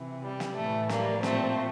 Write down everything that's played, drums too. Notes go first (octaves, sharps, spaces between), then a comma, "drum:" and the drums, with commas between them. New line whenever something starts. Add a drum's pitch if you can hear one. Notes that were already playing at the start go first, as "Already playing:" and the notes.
Already playing: C3 E3
G3
drum: snare
A2 E3 A3
G3 A#3, drum: snare
A#2 F3 A3 C4, drum: snare